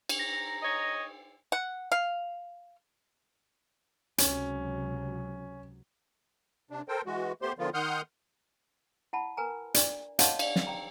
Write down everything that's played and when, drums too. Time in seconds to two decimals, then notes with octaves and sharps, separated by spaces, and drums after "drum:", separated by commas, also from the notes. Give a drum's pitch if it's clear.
0.09 drum: cymbal
0.19 A#5
0.62 C#5 D#5
1.52 F#5
1.92 F5
4.18 C#2 C3 F#3 C#4, drum: hi-hat
6.71 C3 D4
6.88 A4 A#4 C5 G5
7.06 E3 G#3 F#4
7.42 A3 B3 G4 C5 C6
7.59 D3 D#3 F3 B3 F4
7.74 D#3 F#5 C6 D#6 F6 G6
9.13 E4 F#5 A5 B5
9.37 A#4 B4 G#5 A#5
9.74 D4 D5, drum: hi-hat
10.19 C#5 D#5 F5 F#5 A5 C6, drum: hi-hat
10.39 D5 F5, drum: cymbal
10.56 drum: snare
10.67 G5 A#5